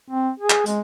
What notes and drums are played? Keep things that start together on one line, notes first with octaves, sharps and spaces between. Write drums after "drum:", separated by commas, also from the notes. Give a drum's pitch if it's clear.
C4
G#4
drum: clap
G#3, drum: hi-hat